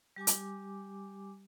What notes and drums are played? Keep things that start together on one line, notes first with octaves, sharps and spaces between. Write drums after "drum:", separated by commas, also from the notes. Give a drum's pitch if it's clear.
G3 G4 G#5 D6
drum: hi-hat